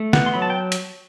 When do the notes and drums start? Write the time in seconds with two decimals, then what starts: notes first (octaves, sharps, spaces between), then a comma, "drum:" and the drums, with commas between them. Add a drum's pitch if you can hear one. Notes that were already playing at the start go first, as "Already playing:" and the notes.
Already playing: A3
0.13 B3 F#5, drum: snare
0.26 C6
0.34 F#3 B5
0.42 A5
0.50 G5
0.72 drum: hi-hat